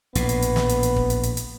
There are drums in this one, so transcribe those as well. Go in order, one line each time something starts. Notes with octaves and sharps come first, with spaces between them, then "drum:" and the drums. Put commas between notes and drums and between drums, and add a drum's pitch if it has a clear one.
A#1 A2 B3, drum: hi-hat
drum: hi-hat
drum: hi-hat
drum: snare
drum: hi-hat
drum: hi-hat
drum: kick
drum: hi-hat
drum: hi-hat
drum: hi-hat